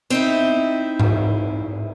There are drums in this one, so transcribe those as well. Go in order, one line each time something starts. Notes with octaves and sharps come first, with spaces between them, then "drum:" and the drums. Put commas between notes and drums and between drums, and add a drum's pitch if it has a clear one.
C4 D#4 E4
drum: tom G#2